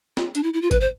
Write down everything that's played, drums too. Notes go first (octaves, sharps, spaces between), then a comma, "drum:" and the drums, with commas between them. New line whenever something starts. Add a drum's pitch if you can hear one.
F4, drum: snare
D4, drum: hi-hat
E4
E4
F4
B4, drum: kick G#1, hi-hat
C5